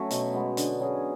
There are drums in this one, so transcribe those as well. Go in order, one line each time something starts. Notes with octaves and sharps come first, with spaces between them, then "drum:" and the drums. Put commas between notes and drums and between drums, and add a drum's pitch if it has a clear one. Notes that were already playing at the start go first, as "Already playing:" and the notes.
Already playing: F#3 A3 C#4
B2, drum: hi-hat
G#3 B3
D3, drum: hi-hat
F#3 C#4 G#4